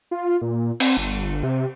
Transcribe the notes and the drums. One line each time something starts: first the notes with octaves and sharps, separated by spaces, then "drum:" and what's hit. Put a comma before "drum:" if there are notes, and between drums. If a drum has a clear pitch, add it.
F4
A#2
C4, drum: cymbal
G1
C3